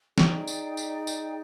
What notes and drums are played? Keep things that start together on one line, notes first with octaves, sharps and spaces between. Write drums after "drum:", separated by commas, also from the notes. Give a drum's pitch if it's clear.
D#4 G#4 D5 G5, drum: snare
drum: tambourine
drum: tambourine
drum: tambourine